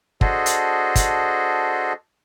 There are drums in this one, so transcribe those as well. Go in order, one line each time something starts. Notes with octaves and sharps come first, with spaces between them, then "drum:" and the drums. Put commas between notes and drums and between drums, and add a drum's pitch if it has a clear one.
D4 F#4 G#4 A4 C5 D#5, drum: kick
drum: hi-hat
drum: kick, hi-hat